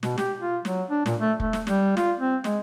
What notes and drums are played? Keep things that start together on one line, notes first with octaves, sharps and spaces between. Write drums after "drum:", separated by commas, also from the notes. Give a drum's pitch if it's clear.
B2, drum: snare
G4, drum: snare
F4
F#3, drum: snare
D4
A#2, drum: snare
A3
A3, drum: kick
drum: snare
G3, drum: snare
F4, drum: snare
C4
G#3, drum: snare